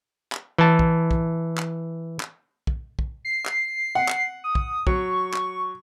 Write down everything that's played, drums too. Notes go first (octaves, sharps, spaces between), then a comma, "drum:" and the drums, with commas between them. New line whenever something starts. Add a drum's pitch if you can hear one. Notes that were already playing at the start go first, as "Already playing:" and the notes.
drum: clap
E3 A5
drum: kick
drum: kick
drum: clap
drum: clap
drum: kick
drum: kick
C7
drum: clap
F#5
drum: clap
D#6
drum: kick
F#3 C#6, drum: kick
drum: clap